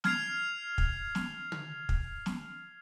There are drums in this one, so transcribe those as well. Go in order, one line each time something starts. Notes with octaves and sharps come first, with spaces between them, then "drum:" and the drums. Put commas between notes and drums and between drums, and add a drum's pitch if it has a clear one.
F6 G#6 C7 F7, drum: snare
drum: kick
drum: snare
drum: tom
drum: kick
drum: snare